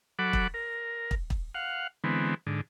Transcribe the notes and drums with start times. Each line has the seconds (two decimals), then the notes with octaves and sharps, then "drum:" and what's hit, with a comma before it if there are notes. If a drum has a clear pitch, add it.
0.19 F#3 A4 F#5 B5 D6
0.33 drum: kick
0.54 A#4
1.11 drum: kick
1.30 drum: kick
1.55 F5 F#5
2.04 D3 E3 G#3 B3 C4
2.47 G#2 D3